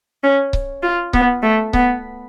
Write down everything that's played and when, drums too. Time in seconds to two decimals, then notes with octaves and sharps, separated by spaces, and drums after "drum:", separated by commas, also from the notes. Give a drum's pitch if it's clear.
0.23 C#4
0.53 drum: kick C#1
0.83 F4
1.13 B3, drum: kick C#1
1.43 A3
1.73 B3, drum: kick C#1